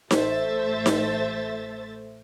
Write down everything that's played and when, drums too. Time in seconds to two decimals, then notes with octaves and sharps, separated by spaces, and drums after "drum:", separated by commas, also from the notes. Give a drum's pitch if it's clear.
0.11 A1 A3 C5 E5 A6, drum: snare D#4
0.86 drum: snare D#4